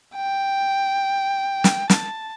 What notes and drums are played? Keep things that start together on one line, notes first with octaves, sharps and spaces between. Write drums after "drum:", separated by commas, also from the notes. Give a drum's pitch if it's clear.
G5
drum: snare
A5, drum: snare